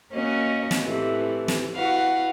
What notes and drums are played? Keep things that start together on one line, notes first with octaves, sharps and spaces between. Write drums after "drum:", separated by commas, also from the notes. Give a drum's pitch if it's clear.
A#3 C#4 F#4 A#4 D#5
drum: snare
A2 C3 E3 A3
drum: snare
E4 F#4 B4 F5 F#5